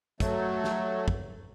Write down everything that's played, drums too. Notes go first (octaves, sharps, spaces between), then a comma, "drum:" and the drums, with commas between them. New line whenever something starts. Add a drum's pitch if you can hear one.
F#3 A3, drum: kick, hi-hat
drum: snare
drum: kick